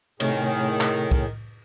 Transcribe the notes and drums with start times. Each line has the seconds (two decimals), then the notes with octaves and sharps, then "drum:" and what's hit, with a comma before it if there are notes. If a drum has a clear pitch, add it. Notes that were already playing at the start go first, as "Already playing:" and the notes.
0.20 A2 C3 D#3 A3 G#4 C#5, drum: cymbal
0.81 drum: clap
1.11 drum: kick C2